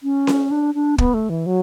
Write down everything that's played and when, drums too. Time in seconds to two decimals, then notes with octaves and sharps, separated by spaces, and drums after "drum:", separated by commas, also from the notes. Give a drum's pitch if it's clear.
0.03 C#4
0.27 drum: snare C#4
0.51 D4
0.75 D4
0.98 B3, drum: kick
1.14 A3
1.30 E3
1.46 F#3